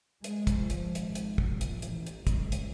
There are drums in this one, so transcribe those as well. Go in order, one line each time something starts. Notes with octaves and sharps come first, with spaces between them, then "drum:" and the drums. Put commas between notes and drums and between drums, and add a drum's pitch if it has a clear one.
G#3, drum: hi-hat
drum: kick, hi-hat
F3
drum: hi-hat
G#1, drum: hi-hat
drum: hi-hat
drum: kick
A#1
drum: hi-hat
A1, drum: hi-hat
drum: hi-hat
C#2, drum: kick, hi-hat
drum: hi-hat